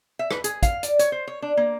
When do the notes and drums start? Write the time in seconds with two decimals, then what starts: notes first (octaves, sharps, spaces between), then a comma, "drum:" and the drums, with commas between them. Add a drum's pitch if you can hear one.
0.19 E5
0.31 B4, drum: rim click
0.44 G#4, drum: hi-hat
0.63 F5, drum: kick, hi-hat
0.83 D5, drum: hi-hat
0.99 C#5, drum: hi-hat
1.12 C5
1.27 C#5
1.42 D4
1.57 A#3